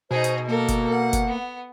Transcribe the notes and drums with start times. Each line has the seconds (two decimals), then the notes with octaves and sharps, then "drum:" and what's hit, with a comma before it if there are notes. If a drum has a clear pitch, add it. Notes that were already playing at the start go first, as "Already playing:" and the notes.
0.11 B2 D#4 G#4 C5
0.24 drum: hi-hat
0.48 A#3 A4 A#4
0.68 drum: kick F#1, hi-hat
0.91 F#5
1.13 drum: kick F#1, hi-hat
1.27 B3